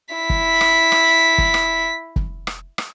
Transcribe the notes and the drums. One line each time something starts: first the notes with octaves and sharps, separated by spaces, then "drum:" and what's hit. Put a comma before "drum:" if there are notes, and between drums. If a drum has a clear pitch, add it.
E4 B6
drum: kick
drum: rim click
drum: rim click
drum: kick
drum: rim click
drum: kick
drum: rim click
drum: rim click